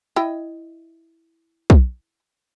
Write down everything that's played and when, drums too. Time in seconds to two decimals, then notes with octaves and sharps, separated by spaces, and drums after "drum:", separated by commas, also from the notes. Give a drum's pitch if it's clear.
0.16 E4 D#5 G5
1.70 drum: kick